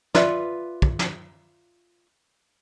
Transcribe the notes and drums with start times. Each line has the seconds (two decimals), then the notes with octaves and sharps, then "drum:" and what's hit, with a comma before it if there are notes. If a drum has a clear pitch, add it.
0.15 F4 B4 D5 E5, drum: snare
0.82 drum: kick
0.99 drum: snare